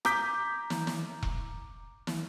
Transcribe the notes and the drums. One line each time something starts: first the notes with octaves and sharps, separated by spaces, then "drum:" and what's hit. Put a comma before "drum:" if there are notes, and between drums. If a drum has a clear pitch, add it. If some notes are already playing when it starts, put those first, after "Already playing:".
A#5 D6 D#6 G6 B6, drum: rim click
drum: snare
drum: snare
drum: kick E1
drum: snare